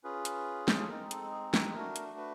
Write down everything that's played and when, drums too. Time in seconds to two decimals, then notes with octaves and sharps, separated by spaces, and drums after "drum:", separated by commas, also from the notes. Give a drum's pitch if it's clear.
0.04 C#4 F4 G#4 B4
0.25 drum: hi-hat
0.68 drum: snare
0.80 A4
0.89 G#3 C4 D#4 A#4
1.11 A4, drum: hi-hat
1.32 G#4
1.54 A4, drum: snare
1.74 A3 D4 F#4 A#4
1.96 drum: hi-hat
2.18 B4